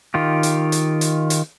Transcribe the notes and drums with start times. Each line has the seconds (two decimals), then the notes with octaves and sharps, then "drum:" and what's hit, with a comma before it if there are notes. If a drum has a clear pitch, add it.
0.14 D#3 F4 G4
0.43 drum: hi-hat
0.72 drum: hi-hat
1.01 drum: hi-hat
1.30 drum: hi-hat